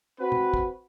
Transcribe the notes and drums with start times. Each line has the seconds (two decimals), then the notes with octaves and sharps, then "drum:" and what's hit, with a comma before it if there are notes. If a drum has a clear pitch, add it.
0.20 C4 F#4 B4
0.32 drum: tom
0.54 drum: kick